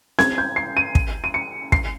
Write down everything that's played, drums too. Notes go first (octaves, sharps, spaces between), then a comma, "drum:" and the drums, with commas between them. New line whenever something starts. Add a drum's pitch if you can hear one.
G#6, drum: snare C4
G6
C7
D#7
drum: kick
D#7
C#7
C7, drum: kick